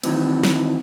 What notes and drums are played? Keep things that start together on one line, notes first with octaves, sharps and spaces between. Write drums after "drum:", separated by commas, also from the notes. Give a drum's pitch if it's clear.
D#3 E3 F#3 C4, drum: cymbal
drum: snare